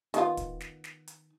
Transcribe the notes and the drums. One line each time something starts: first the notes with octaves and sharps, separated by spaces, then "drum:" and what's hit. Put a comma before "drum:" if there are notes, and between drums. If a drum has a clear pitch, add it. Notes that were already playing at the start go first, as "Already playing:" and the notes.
D#3 B3 F4, drum: hi-hat
drum: kick, hi-hat
drum: snare
drum: snare
drum: hi-hat